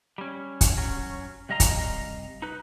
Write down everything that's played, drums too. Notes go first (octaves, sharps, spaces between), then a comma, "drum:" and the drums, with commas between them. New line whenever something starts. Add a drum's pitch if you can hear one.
G3 C#4
drum: kick, hi-hat
F#3 C#4
C3 G3 D#5 F5 A#5
drum: kick, hi-hat
D#4 B4